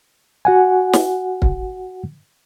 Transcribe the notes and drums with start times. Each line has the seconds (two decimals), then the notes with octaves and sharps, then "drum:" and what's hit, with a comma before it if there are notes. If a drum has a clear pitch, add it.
0.45 F#4 F#5 G#5
0.93 drum: snare
1.42 drum: kick